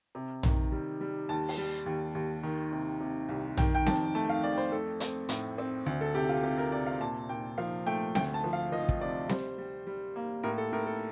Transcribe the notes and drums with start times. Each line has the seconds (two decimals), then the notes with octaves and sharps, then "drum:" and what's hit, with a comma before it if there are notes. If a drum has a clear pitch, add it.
0.15 C3
0.43 D#3, drum: tom A#1
0.72 G3
1.01 G3
1.29 D#2 A5
1.48 drum: open hi-hat
1.58 G3
1.86 D#2
2.15 D#2
2.43 D#3
2.72 C3
3.00 C3
3.29 C2
3.57 D#3 G5, drum: tom A#1
3.75 G5
3.86 F2 A5, drum: snare C4
4.15 A3 A5
4.29 F5
4.44 F2 D5
4.58 C5
4.72 A3 A4
5.00 C4, drum: hi-hat
5.29 A2, drum: hi-hat
5.58 C4
5.86 D2
6.01 A4
6.15 C3 G4
6.29 F4
6.43 C3 G4
6.58 A#4
6.72 C3 D5
6.86 F5
7.01 A#2 A5
7.29 A#2 G5
7.58 F3 F5
7.87 A3 G5
8.15 D2 G5, drum: snare C4
8.34 A5
8.44 F3
8.53 F5
8.72 F3 D#5
8.89 drum: kick
9.01 C3 D5
9.29 G3 C5, drum: snare C4
9.58 G3
9.87 G3
10.16 A#3
10.43 A2 A#4
10.58 A4
10.72 A2 A#4
10.87 A4